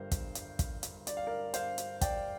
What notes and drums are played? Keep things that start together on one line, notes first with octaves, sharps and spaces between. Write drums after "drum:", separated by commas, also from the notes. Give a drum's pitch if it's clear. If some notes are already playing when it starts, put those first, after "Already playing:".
Already playing: G1 G2 G3 A#4 C5
drum: kick, hi-hat
drum: hi-hat
drum: kick, hi-hat
drum: hi-hat
D5, drum: hi-hat
F5
A#4 D5
C5 F5, drum: hi-hat
drum: hi-hat
D5 G5, drum: kick, hi-hat